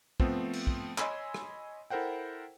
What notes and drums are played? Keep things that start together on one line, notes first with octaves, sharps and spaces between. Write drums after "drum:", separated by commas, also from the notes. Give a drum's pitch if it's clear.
F3 A3 B3 C4, drum: kick
drum: cymbal
drum: kick
C#5 D#5 G#5 B5 C6 E6, drum: clap
drum: rim click
E4 A4 A#4 C5 F#5 G5